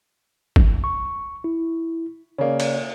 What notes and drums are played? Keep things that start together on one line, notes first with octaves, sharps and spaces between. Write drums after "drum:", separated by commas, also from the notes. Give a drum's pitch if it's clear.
drum: kick
C#6
E4
C#3 A#3 C#5 D5
drum: cymbal